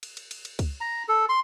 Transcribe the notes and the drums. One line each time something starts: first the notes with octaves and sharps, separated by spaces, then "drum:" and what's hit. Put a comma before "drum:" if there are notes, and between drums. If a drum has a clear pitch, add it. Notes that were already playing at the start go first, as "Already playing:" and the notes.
drum: cymbal
drum: cymbal
drum: cymbal
drum: cymbal
drum: kick C#2, cymbal
A#5
A4
C6